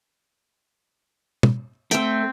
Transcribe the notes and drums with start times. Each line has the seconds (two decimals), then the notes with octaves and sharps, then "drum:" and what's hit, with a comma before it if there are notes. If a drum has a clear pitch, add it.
1.43 drum: tom
1.91 A3 C4 G5, drum: hi-hat